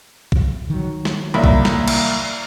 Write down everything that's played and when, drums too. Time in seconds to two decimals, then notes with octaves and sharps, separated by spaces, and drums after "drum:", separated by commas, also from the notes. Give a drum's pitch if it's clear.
0.32 drum: kick
0.70 D#3 F#3
1.05 drum: snare
1.34 C2 A#3 D5 B5
1.44 drum: kick
1.65 drum: snare
1.88 drum: cymbal